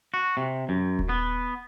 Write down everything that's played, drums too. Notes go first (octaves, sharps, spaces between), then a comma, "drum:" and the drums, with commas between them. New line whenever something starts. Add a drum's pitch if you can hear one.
F#4
C3
F#2
drum: kick D#1
B3